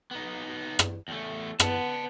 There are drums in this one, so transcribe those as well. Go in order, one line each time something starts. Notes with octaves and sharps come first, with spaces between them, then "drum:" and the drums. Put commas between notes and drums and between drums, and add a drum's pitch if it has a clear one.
B3 D#4
drum: rim click
E2 A3
B3 F#5 A5, drum: rim click